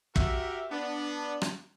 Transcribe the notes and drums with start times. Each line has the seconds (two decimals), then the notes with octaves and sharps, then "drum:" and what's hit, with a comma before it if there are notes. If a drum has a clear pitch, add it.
0.16 F#4 G4 A#4 E5, drum: kick
0.71 B3 D4
1.42 drum: rim click